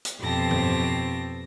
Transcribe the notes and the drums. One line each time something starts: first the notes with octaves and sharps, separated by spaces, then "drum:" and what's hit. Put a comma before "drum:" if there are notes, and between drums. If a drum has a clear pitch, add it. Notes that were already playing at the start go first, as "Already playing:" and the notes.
drum: hi-hat
F2 B2 C4 G4 A5 A#6
drum: tom G2